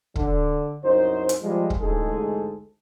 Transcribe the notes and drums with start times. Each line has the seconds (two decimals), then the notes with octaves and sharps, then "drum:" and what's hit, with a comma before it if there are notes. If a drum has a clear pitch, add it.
0.15 D3, drum: kick
0.84 C2 F#2 D#4 C5
1.29 drum: hi-hat
1.41 F3 G3 G#3
1.70 drum: kick
1.80 A1 D2 G#2 G#3 G#4 A4